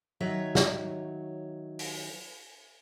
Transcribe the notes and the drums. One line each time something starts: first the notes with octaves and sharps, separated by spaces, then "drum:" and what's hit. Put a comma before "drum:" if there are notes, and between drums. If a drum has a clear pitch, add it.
D#3 F#3 C#5 E5
drum: snare
drum: open hi-hat